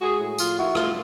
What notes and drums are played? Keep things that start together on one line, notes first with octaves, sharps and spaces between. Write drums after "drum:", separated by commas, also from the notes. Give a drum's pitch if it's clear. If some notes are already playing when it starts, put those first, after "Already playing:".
G#3 F#4 G#4
A2
F3 F4, drum: tambourine
A#3 E4 F#4
G3 F4, drum: rim click